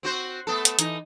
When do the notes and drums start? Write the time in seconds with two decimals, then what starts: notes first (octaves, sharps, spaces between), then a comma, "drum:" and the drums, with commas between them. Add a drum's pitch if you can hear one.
0.03 C4 F#4 C5
0.47 A3 B3 A4
0.65 drum: hi-hat
0.79 E3 D#4, drum: hi-hat